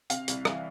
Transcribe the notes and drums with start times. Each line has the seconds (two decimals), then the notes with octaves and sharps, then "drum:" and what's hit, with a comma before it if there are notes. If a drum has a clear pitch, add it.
0.10 C3 F5, drum: hi-hat
0.28 C2, drum: hi-hat
0.45 E3, drum: rim click